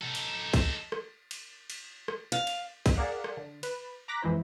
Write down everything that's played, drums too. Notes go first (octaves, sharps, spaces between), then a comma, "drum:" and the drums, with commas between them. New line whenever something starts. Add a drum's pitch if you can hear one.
D#4 A4
drum: cymbal
drum: kick, cymbal
drum: rim click
drum: cymbal
drum: cymbal
drum: rim click
F5
drum: cymbal
drum: kick, cymbal
G#4 A#4 D5 F5 F#5
drum: rim click
D3
B4, drum: cymbal
A#5 D6 F#6 A#6 B6
F2 E3 G#3 E4 C5